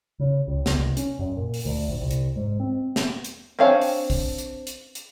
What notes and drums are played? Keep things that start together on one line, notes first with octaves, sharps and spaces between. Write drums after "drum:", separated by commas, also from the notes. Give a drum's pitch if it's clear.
C#3
C#2
C#2, drum: snare
C2
C#4, drum: hi-hat
F#2
A#2
drum: open hi-hat
D2
A#1
C2
drum: hi-hat
G#2
C4
drum: snare
drum: hi-hat
C4 D4 C#5 F5 G#5
drum: open hi-hat
drum: kick, open hi-hat
drum: hi-hat
drum: hi-hat
drum: hi-hat